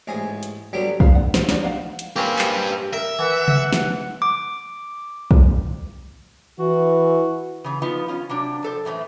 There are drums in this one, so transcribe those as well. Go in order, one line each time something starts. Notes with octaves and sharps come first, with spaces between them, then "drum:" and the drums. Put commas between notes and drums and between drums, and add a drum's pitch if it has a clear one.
A1 G#2 G#4
drum: hi-hat
D3 F#3 G3 B3
A#3 D4 F5, drum: kick
F#5
C5, drum: snare
F#3 G3 D4, drum: snare
F5 F#5
drum: hi-hat
A#3 C4 C#4 G4 B4
drum: clap
A#4 E5
E3 F#5
drum: tom C3
drum: snare
D6
drum: kick
E3 F#4
C#3 E3
F3 B3 D#4 F4
C#4 F4
C3 F#3 D4
F3 A4 C5
F#2 A2 E3 A3